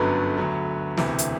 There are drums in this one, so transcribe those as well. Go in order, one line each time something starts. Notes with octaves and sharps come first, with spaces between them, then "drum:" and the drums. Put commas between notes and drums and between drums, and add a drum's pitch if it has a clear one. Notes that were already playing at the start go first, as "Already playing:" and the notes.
Already playing: G1 F#2 D3 F#3 B4 B5
D2 D3 F#3
E1 D2 C3 E3, drum: snare
drum: hi-hat